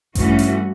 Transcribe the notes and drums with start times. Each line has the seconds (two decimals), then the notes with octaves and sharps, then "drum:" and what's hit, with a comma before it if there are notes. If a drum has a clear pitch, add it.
0.15 G2 E3 A3 C#4 F#4, drum: kick A1, hi-hat
0.39 drum: hi-hat